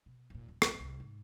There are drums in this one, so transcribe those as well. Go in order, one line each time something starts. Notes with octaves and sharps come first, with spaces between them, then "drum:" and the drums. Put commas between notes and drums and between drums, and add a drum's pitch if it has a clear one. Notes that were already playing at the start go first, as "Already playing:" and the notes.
B2
D#2 A#2
D#1
A#1, drum: rim click
C2
G#2